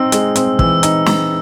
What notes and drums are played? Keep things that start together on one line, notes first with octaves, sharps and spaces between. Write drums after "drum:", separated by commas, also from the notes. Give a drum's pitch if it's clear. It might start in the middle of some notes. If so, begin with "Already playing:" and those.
Already playing: C4 D#4 E6
G#3, drum: hi-hat
C4, drum: hi-hat
E3 E6, drum: kick
D#4, drum: hi-hat
drum: snare